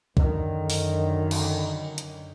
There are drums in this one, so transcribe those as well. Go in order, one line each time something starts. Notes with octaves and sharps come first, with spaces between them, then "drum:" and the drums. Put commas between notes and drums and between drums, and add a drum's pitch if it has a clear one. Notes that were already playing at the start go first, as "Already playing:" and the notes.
F#2 D3 D#3, drum: kick
drum: open hi-hat
drum: cymbal
drum: hi-hat